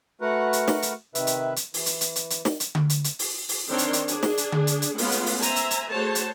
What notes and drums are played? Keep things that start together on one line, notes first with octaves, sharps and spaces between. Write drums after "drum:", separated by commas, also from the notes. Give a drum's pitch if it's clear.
A3 F#4 A#4 B4 F#5
drum: hi-hat
drum: snare
drum: hi-hat
C3 D#3 B4 E5, drum: hi-hat
drum: hi-hat
drum: hi-hat
E3, drum: open hi-hat
drum: hi-hat
drum: hi-hat
drum: hi-hat
drum: hi-hat
drum: snare
drum: hi-hat
drum: tom D3
drum: hi-hat
drum: hi-hat
drum: open hi-hat
drum: open hi-hat
D#3 C4 D4 C#5 C6
drum: hi-hat
drum: hi-hat
D4 G#4, drum: hi-hat
drum: snare
drum: hi-hat
drum: tom D3
drum: hi-hat
drum: hi-hat
G#3 A3 B3 C#4 F4, drum: open hi-hat
drum: hi-hat
drum: open hi-hat
C5 E5 G#5 A#5, drum: hi-hat
drum: hi-hat
drum: hi-hat
A3 F#4 G#4 C5 C#5 A5
drum: hi-hat